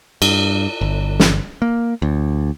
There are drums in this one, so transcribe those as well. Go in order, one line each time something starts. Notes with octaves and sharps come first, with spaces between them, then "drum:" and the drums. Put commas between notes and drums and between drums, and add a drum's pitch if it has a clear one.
G2, drum: cymbal
G1
drum: snare
A#3
D2